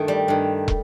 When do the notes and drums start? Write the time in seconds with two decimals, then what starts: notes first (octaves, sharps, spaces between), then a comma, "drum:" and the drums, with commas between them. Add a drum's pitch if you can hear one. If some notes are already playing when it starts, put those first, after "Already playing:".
Already playing: G2 D#3 A3
0.08 G3
0.28 G2 D#3
0.68 drum: kick